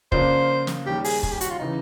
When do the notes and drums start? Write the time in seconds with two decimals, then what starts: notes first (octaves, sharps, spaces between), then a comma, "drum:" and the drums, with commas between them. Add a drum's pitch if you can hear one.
0.12 C#3 F3 A#3 D4 F4 C5, drum: kick
0.67 drum: snare
0.86 D#2 D#3 G3 G4
1.04 G#4, drum: open hi-hat
1.23 G#4, drum: kick
1.32 G4
1.41 F#4, drum: hi-hat
1.50 F4
1.59 C#3 E3 D#4